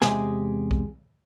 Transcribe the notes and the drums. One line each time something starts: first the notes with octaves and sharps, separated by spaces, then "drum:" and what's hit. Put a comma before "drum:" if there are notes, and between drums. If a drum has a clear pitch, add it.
E2 C3 G#3 G4 G#4 G#5, drum: snare
drum: kick B1